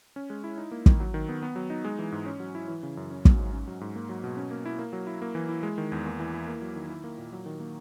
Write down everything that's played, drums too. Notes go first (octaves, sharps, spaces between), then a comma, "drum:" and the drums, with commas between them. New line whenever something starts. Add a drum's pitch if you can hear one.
C#4
G#3
E4
D#4
A#3
D#3, drum: kick
F#3
D#3
B3
B3
F#3
D#4
G#3
E3
G#2
C#4
F#3
E4
E3
C#3
F#2
C#4
F#3, drum: kick
G#2
C#4
F#3
G#2
A#3
F#3
B2
C#4
A#3
E4
A#3
F#3
E4
A#3
E3
E4
G#3
D#3
E2
A#3
E3
E4
A#3
F#3
D#3
E4
A#3
A#2
F#3
D#3
A#3